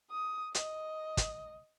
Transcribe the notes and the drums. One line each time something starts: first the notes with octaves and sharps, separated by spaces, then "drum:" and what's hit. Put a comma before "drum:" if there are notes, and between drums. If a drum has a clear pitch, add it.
D#6
D#5, drum: hi-hat
drum: kick, hi-hat